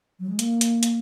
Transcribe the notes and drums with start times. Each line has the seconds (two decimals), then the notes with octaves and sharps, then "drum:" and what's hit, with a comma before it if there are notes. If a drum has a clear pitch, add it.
0.20 F#3
0.29 G#3
0.39 A#3, drum: hi-hat
0.61 drum: hi-hat
0.83 drum: hi-hat